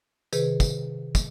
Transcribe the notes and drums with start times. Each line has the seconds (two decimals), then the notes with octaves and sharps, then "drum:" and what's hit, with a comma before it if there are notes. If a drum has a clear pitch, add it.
0.33 C3 D#3 G#4 B4, drum: tambourine
0.60 drum: kick, tambourine
1.15 drum: kick, tambourine